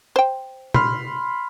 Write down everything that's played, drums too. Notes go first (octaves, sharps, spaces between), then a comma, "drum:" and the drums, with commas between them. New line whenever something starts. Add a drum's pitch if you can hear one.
C5 G5
B5 C6 F6, drum: tom A#2